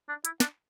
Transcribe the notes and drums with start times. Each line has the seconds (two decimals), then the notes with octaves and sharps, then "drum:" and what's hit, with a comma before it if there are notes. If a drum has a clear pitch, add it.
0.09 D4
0.25 E4, drum: hi-hat
0.40 D4, drum: snare